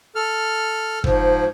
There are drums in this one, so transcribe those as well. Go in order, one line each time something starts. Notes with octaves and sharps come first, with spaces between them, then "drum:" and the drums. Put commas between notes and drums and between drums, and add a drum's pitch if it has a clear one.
A4 F6
G#2 F3, drum: kick